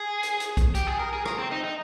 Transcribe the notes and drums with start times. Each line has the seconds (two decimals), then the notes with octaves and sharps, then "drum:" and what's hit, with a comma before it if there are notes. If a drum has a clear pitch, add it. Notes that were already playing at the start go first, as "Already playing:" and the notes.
Already playing: G#4
0.23 drum: hi-hat
0.40 drum: hi-hat
0.57 drum: kick B1, hi-hat
0.75 G4, drum: hi-hat
0.87 G#4
0.99 A#4
1.13 G#4
1.26 A#4, drum: rim click
1.38 C4
1.51 D#4
1.64 D#4